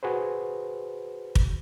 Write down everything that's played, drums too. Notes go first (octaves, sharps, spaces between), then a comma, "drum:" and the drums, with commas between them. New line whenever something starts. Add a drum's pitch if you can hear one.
F#4 G#4 B4 C5
drum: kick